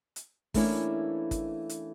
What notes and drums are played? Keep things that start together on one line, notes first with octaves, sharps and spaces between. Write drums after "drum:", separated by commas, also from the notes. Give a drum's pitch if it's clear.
drum: hi-hat
E3 A3 A#3 C#4 D4 E4, drum: kick, open hi-hat
drum: kick, hi-hat
drum: hi-hat